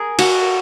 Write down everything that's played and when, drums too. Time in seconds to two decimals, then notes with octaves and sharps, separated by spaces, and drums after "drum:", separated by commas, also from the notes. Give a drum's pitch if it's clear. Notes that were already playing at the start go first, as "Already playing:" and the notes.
Already playing: G#4 A#4
0.19 F#4, drum: cymbal